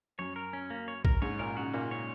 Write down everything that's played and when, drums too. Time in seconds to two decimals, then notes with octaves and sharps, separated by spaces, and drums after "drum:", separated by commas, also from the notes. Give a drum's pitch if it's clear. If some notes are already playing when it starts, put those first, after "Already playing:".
0.19 F#2 C#5
0.36 A#4
0.53 C#4
0.70 A#3
0.88 C#5
1.05 A#4, drum: kick
1.22 G#2 C#5
1.39 A#2 A#4
1.57 C#3 F#4
1.74 A#2 A#3
1.91 C#5